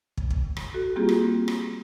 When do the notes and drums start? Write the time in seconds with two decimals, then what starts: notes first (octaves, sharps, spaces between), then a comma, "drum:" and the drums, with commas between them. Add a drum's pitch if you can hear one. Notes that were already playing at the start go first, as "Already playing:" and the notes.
0.17 drum: kick
0.30 drum: kick
0.57 drum: rim click
0.74 F#4 A4
0.96 G3 A#3 C4 F4 G4 G#4
1.09 drum: rim click
1.48 drum: rim click